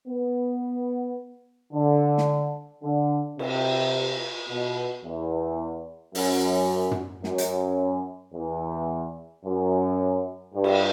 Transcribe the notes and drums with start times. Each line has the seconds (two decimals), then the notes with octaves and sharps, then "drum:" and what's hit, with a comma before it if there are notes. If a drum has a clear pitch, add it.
0.08 B3
1.73 D3
2.18 drum: snare
2.83 D3
3.39 C3, drum: cymbal
4.49 B2
5.05 E2
6.15 F#2, drum: open hi-hat
6.91 drum: tom
7.24 F#2, drum: snare
7.38 drum: hi-hat
8.34 E2
9.45 F#2
10.55 G2
10.64 drum: cymbal